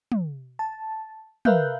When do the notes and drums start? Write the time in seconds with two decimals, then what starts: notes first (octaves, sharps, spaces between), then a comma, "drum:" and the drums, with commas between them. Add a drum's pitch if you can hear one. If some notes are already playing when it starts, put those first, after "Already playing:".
0.12 drum: tom
0.59 A5
1.45 A#4 B4 E5 F5 F#6 G6, drum: tom